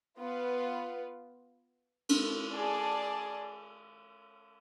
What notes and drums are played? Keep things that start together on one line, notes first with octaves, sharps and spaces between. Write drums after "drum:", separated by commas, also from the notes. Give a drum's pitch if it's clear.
B3 F4 B4
drum: cymbal
G#4 D5 A5